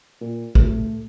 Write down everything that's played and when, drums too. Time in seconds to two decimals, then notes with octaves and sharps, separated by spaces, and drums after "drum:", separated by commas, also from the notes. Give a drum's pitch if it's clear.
0.21 A#2
0.55 A3, drum: kick